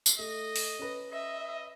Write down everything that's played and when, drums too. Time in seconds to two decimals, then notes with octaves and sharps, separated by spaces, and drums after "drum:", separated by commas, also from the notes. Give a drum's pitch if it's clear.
0.06 drum: tambourine
0.19 A3 D#5
0.56 drum: open hi-hat
0.79 C#4 B4
1.13 D#5 E5